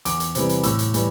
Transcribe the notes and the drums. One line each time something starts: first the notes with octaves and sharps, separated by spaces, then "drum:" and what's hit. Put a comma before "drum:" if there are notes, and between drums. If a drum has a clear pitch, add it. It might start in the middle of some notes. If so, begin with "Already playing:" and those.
E2 D6, drum: hi-hat
drum: hi-hat
C3 E3 G3, drum: hi-hat
drum: hi-hat
A2 E6, drum: hi-hat
drum: hi-hat
E3 G3, drum: hi-hat